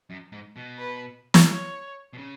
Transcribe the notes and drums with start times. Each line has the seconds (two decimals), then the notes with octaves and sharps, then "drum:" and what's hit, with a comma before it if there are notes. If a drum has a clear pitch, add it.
0.10 F#2
0.32 G#2
0.56 B2
0.79 B4
1.34 drum: snare
1.49 C#5
2.13 B2
2.18 C#3